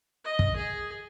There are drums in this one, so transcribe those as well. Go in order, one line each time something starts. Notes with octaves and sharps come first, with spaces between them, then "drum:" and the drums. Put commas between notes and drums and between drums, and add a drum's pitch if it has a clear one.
D#5
drum: kick
G#4